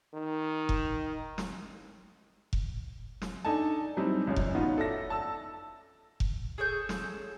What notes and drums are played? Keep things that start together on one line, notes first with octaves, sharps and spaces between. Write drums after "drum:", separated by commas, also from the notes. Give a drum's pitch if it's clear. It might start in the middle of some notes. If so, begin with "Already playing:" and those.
D#3
drum: kick F1
drum: snare
drum: kick F1
drum: snare
D4 D#4 A4 G#5 A5
F#3 G3 C4 D#4 E4
C#2 F#2 C#4
drum: kick F1
B3 C#4 D#4 F4 F#4
A4 D5 E5 A#6
A5 E6
drum: kick F1
G#4 A4 C#5 G6
drum: snare